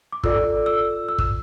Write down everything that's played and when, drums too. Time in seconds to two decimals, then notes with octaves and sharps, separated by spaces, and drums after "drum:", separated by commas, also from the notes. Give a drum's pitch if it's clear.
0.12 D6
0.23 F4 A4 D5 E6, drum: kick
0.66 E6
1.09 E6
1.18 drum: kick